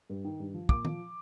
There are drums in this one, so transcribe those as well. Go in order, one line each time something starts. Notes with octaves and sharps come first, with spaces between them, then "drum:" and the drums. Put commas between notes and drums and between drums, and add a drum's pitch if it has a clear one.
G2
D#3
G2
F3
A#2 D6, drum: kick
F3, drum: tom